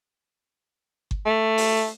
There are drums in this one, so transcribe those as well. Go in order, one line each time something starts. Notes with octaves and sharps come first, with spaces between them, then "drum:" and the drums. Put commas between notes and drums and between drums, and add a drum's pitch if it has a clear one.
drum: kick G1
A3
drum: open hi-hat